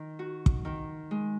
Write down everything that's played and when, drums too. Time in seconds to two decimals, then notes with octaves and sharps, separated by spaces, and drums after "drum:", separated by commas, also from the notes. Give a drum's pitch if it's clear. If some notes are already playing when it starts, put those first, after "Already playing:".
Already playing: D#3
0.19 F#4
0.46 drum: kick
0.65 D#3
1.11 G#3